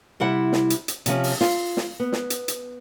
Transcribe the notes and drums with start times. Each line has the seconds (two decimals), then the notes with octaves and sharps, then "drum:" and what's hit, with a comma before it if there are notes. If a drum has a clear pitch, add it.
0.20 C3 G3 E4 F#5
0.52 drum: snare
0.70 drum: hi-hat
0.88 drum: hi-hat
1.06 C3 F3 C#4, drum: hi-hat
1.24 drum: open hi-hat
1.41 F4, drum: snare
1.77 drum: snare
2.00 B3
2.12 drum: snare
2.30 drum: hi-hat
2.48 drum: hi-hat